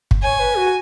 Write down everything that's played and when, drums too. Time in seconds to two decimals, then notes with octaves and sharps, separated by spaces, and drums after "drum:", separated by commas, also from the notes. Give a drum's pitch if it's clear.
0.11 drum: kick
0.23 C#5 G#5
0.40 B4
0.56 F#4